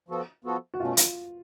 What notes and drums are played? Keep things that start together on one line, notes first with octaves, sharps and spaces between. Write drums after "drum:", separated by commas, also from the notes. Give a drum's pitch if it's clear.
F3 B3 F#4 A4
F3 B3 F#4 A4
F#4
B2 A3 C#4 F4
drum: hi-hat